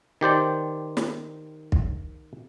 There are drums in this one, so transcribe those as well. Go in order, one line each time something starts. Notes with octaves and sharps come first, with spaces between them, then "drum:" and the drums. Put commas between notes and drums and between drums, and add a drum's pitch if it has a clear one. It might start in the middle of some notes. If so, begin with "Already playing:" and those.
D#3 G4 C5 D5
drum: snare
drum: kick